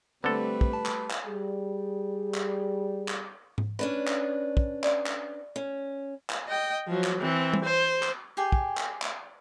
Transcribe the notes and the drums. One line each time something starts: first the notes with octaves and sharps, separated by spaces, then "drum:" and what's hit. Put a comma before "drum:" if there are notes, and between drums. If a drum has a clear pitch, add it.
D3 G3 A3 C4 A4 B4
drum: kick
A5
drum: clap
drum: clap
G3 G#4
drum: clap
drum: clap
drum: tom G#2
C#4 D4 B4
drum: clap
drum: kick
D5, drum: clap
drum: clap
C#4
drum: clap
D#5 G5
F3 F#3
drum: clap
E3 C4
drum: tom
C5
drum: clap
G4 G#4 G5 G#5
drum: kick
drum: clap
drum: clap